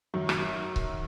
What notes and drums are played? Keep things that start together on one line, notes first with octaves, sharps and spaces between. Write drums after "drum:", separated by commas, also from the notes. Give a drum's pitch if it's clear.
F#2 D#3 F#3
drum: rim click
drum: kick C#1